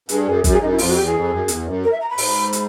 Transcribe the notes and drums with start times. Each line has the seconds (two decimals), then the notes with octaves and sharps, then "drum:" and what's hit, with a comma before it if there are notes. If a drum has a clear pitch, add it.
0.09 G2 G#4, drum: hi-hat
0.27 F#2 G#4
0.44 F#2, drum: kick, hi-hat
0.52 G#4
0.61 F#2 D#4
0.70 E4
0.78 F2 F4, drum: open hi-hat
0.88 F#4
0.96 E2 G4
1.05 G#4
1.13 F2
1.31 F#2
1.48 E2, drum: hi-hat
1.66 F#2
1.83 A#4
1.91 E5
2.00 A#5
2.10 B5
2.18 G#2, drum: open hi-hat
2.53 drum: hi-hat